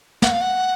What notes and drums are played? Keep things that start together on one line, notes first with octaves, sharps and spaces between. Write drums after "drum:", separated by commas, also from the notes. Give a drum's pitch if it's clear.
F#5, drum: snare
F5
F#5